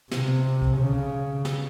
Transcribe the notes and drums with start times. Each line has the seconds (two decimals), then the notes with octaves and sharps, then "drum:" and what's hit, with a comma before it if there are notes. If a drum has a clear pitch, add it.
0.11 C3, drum: snare
0.62 drum: kick
0.79 C#3
1.45 drum: snare